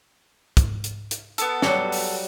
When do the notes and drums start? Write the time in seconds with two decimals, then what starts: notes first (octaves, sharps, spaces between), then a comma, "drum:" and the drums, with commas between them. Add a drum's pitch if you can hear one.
0.57 drum: kick, hi-hat
0.84 drum: hi-hat
1.11 drum: hi-hat
1.38 B3 A4, drum: hi-hat
1.62 F#3 G3 F#4, drum: snare
1.92 drum: open hi-hat